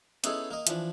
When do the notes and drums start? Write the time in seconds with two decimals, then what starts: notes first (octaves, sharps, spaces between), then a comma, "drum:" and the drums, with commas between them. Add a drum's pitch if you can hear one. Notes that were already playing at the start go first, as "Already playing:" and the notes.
0.24 B3 C#4 D#4 E4 G#4 A4, drum: hi-hat
0.51 A#3 D#5
0.67 E3 F3 D4, drum: hi-hat